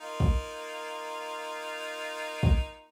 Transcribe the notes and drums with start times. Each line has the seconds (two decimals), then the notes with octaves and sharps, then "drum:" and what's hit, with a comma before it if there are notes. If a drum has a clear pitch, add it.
0.01 A#3 D#4 F4
0.20 drum: kick
2.43 drum: kick